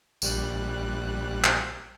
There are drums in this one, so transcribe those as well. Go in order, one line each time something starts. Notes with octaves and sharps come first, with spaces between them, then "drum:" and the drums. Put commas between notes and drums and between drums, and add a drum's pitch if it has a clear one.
A#1 G3 F#6, drum: tambourine
drum: clap